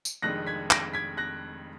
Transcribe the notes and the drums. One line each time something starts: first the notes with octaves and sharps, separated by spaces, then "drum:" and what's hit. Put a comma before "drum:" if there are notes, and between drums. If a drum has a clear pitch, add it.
drum: tambourine
F1 F2 D#3 G#3 D4 F#6 A#6
G#6 B6
A#6 D7, drum: clap
G#6 B6
F#6 A#6